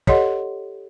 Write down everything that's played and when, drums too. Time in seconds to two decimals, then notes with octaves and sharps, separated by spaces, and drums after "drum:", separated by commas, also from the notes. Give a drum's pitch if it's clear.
0.07 G4 A4 C#5 D#5 F#5 C6, drum: kick